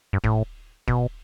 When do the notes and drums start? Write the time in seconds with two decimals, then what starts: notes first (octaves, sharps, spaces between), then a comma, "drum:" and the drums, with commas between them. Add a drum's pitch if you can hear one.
0.13 G2
0.24 A2, drum: kick
0.88 B2, drum: kick